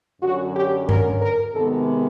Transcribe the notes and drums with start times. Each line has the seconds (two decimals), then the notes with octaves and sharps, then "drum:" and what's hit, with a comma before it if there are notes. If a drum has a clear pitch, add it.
0.22 F#2 D3 F#3 F#4
0.55 G4
0.89 A#4, drum: tom G2
1.22 A#4
1.54 C3 D#3 G#3 B3 A4